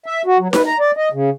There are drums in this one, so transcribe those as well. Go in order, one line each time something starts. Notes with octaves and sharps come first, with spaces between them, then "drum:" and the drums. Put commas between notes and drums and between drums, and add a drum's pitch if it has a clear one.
E5
F#4
F#3
B4, drum: snare D#4
A#5
D5
D#5
C#3